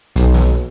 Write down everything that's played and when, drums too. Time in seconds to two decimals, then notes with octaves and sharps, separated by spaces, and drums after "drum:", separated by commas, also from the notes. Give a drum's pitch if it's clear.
0.16 B1, drum: hi-hat
0.34 drum: snare